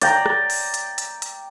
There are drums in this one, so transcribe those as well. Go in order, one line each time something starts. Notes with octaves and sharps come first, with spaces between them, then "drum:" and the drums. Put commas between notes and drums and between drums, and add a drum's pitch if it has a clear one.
D5 G5 A#5, drum: hi-hat
drum: rim click
drum: open hi-hat
drum: hi-hat
drum: hi-hat
drum: hi-hat